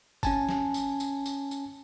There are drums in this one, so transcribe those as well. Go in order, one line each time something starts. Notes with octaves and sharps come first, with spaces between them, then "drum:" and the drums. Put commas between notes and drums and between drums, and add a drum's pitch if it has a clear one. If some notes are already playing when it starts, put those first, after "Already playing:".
C#4 G#5 A5, drum: kick, tambourine
drum: snare
drum: tambourine
drum: tambourine
drum: tambourine
drum: tambourine